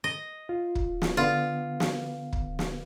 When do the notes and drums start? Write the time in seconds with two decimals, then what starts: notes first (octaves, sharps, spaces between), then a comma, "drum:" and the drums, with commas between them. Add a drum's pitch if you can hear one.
0.04 D#5
0.49 F4
0.75 drum: kick
1.02 drum: snare
1.17 D3 B3 F4
1.80 drum: snare
2.33 drum: kick
2.59 drum: snare